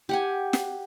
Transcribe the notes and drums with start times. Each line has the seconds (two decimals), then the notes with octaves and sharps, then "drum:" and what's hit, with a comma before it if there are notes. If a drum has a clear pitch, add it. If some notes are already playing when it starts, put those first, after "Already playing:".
0.09 G4 F#5 G#5
0.53 drum: snare